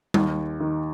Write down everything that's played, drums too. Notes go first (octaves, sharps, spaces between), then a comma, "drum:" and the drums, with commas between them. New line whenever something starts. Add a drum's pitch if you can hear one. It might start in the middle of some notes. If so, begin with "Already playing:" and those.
D#2, drum: tom G3
D#3